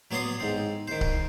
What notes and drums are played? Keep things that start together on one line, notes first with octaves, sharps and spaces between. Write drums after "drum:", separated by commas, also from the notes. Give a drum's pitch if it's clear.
F#3 B3 C#5 D5 C6 D#6
G#2 C4
D#3 C5
drum: kick C#1